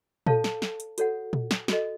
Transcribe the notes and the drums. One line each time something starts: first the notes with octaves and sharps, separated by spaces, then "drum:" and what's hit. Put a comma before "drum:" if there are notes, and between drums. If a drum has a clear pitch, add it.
A4 C#5 F5 A5, drum: tom A#2
drum: snare
drum: snare
drum: hi-hat
F#4 A4 C#5 F#5, drum: hi-hat
drum: tom A#2
drum: snare
F#4 A4 D#5, drum: snare